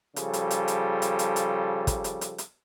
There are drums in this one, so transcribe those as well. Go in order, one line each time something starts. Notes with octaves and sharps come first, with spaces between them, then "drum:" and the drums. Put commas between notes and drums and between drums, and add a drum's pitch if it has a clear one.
C#3 F3 G3 A4, drum: hi-hat
drum: hi-hat
drum: hi-hat
drum: hi-hat
drum: hi-hat
drum: hi-hat
drum: hi-hat
drum: kick, hi-hat
drum: hi-hat
drum: hi-hat
drum: hi-hat